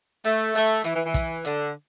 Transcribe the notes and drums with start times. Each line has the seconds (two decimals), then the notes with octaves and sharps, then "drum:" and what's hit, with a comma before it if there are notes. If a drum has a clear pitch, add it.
0.24 A3, drum: hi-hat
0.55 A3, drum: hi-hat
0.84 E3, drum: hi-hat
0.94 E3
1.04 E3
1.14 drum: kick, hi-hat
1.45 D3, drum: hi-hat